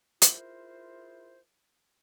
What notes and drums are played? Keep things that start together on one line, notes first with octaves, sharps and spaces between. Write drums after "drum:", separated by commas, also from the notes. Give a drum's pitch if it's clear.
E4 F4 G#4 A#4 C5, drum: hi-hat